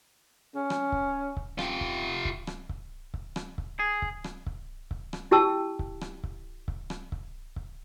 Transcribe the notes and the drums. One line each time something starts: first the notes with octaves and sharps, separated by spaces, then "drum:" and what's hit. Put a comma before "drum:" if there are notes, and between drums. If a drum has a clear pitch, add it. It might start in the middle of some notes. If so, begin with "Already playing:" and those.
C#4
drum: rim click
drum: kick C#1
drum: kick C#1
F4 G4, drum: rim click
drum: kick C#1
drum: kick C#1
drum: rim click
drum: kick C#1
drum: kick C#1
drum: rim click
drum: kick C#1
G#4
drum: kick C#1
drum: rim click
drum: kick C#1
drum: kick C#1
drum: rim click
E4 G4 G5 A5 E6
drum: kick C#1
drum: rim click
drum: kick C#1
drum: kick C#1
drum: rim click
drum: kick C#1
drum: kick C#1